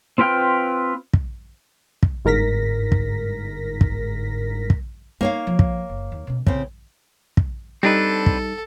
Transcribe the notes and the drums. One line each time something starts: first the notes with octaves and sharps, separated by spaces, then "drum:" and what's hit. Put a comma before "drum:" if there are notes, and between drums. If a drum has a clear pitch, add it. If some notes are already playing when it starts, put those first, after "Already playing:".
C4 F4 B4 G5 F6
drum: kick
drum: kick
G1 G#2 A#4 A#6 B6
drum: kick
drum: kick
drum: kick
A#3 D#4 C#5 F5
F3
drum: kick
F#1
D#2
B2 C#4
A1 C#3 C4, drum: kick
drum: kick
G3 C4 D4 D#4 A4 B4
drum: kick